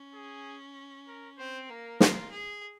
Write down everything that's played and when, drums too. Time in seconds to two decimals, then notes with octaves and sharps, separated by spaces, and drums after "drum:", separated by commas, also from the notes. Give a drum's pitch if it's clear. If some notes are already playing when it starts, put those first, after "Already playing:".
Already playing: C#4
0.14 G#4
1.07 A#4
1.38 C4 C5
1.69 A#3 A#4
2.00 F4, drum: snare
2.31 G#4